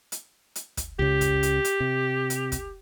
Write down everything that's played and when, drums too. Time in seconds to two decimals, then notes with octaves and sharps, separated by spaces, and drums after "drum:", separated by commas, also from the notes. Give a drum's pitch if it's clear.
0.12 drum: hi-hat
0.56 drum: hi-hat
0.77 drum: kick, hi-hat
0.99 C#2 C#3 G4
1.21 drum: kick, hi-hat
1.43 drum: hi-hat
1.65 drum: hi-hat
1.80 C3
2.30 drum: hi-hat
2.52 drum: kick, hi-hat